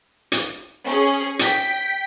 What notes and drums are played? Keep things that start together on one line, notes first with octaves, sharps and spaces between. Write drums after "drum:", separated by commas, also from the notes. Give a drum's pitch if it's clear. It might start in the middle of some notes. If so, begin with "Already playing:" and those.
drum: hi-hat
C#4 G#4
G5 B6, drum: hi-hat